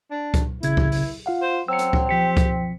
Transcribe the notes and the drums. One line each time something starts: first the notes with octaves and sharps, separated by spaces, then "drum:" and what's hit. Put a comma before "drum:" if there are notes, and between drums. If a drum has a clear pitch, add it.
D4
drum: kick C#2, hi-hat
A1 C#3 E4 G#6, drum: hi-hat
drum: kick C#2
drum: open hi-hat
F4 F5 F#5
C5
F#3 C4 E6 C#7
drum: hi-hat
drum: kick C#2
F3 G4 B6 C#7
drum: kick C#2, hi-hat